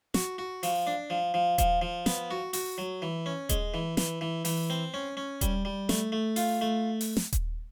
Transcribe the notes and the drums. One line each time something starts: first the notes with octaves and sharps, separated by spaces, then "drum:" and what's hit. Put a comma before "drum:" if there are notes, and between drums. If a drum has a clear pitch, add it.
F#4, drum: snare
F#4
F3, drum: open hi-hat
D4
F3
F3
F3, drum: kick D#1, hi-hat
F3
B3, drum: snare
F#4
F#4, drum: open hi-hat
F#3
E3
C#4
G#3, drum: kick D#1, hi-hat
E3
E3, drum: snare
E3
E3, drum: open hi-hat
C4
C#4
C#4
G3, drum: kick D#1, hi-hat
G3
A3, drum: snare
A3
F4, drum: open hi-hat
A3
drum: open hi-hat
drum: snare
drum: kick D#1, hi-hat